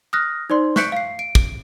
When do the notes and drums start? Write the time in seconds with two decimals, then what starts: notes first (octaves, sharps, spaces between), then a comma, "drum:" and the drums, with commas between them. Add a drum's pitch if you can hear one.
0.13 D#6 F6 F#6 A#6
0.50 D#4 C5 D5 C6
0.76 C#6 F#6 G6 B6 C#7 D7, drum: snare
0.92 F5 C7
1.19 D7
1.35 drum: kick